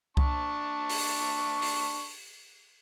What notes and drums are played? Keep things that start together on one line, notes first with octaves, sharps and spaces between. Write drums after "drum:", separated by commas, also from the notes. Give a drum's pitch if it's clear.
D4 A5 C#6, drum: kick C2
drum: open hi-hat
drum: open hi-hat